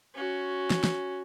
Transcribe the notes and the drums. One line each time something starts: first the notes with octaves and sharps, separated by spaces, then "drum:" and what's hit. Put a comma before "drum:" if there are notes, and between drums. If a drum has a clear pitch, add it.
C#4 F#4
drum: snare
drum: snare